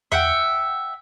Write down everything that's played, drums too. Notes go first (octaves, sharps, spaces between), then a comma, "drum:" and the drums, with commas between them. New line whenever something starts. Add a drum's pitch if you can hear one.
E5 F#5 G5, drum: tom E2